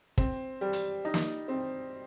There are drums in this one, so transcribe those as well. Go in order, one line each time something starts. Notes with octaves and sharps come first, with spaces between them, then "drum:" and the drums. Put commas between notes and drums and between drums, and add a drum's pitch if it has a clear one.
C4, drum: kick
G3
drum: hi-hat
D#4
drum: snare
C4